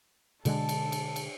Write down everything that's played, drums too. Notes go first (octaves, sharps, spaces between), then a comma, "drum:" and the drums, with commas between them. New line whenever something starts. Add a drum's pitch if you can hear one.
B2 D3 G#3 A4, drum: cymbal
drum: cymbal
drum: cymbal
drum: cymbal